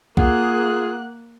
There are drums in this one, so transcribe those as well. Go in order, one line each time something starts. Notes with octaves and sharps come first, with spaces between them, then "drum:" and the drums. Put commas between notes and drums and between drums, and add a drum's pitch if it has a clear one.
A#3 F4 G#4 F#5 F#6, drum: kick B1